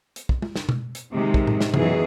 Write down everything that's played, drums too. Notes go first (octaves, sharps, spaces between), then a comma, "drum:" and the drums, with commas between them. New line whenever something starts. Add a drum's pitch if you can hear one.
drum: hi-hat
drum: kick
drum: tom G#3
drum: snare
drum: tom B2
drum: hi-hat
C3 D#3 G#3
drum: kick
drum: tom A2
drum: snare
F#2 B2 D#3 E3 F#3 G#4, drum: tom C3